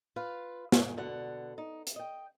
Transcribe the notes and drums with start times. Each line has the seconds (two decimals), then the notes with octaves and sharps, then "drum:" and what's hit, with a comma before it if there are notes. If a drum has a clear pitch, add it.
0.16 F4 B4 F5
0.72 G#3 G#5, drum: snare
0.97 B2 D3 F#5
1.58 D#4
1.87 drum: hi-hat
1.96 D#5 G5